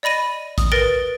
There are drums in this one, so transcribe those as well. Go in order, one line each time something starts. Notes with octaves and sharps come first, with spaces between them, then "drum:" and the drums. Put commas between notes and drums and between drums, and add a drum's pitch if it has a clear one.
D5 D#5 B5 A#6 D#7
D#6, drum: kick, hi-hat
A#4 B4 A6 A#6 D7